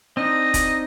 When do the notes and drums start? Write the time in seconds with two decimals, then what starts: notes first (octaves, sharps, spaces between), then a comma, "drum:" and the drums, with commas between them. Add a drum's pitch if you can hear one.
0.17 C4 D4 D#4 D#5
0.54 drum: kick E1, hi-hat